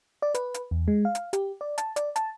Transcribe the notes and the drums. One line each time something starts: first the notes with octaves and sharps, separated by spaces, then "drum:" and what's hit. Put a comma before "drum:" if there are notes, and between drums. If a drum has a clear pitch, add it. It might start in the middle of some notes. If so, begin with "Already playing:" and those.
D5
B4, drum: hi-hat
drum: hi-hat
E2
G#3
F5
drum: hi-hat
G4, drum: hi-hat
D5
A5, drum: hi-hat
D5, drum: hi-hat
A5, drum: hi-hat